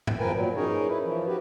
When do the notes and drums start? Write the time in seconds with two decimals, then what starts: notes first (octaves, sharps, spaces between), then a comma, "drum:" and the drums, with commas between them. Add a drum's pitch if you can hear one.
0.07 drum: tom G2
0.19 E2 F3 A#4 B4 G5 G#5
0.34 A#2 F#3
0.56 C#4 D#4 G#4 A#4 C#5
0.88 E4 B4
1.03 E3 F3
1.27 F#4 G4 B4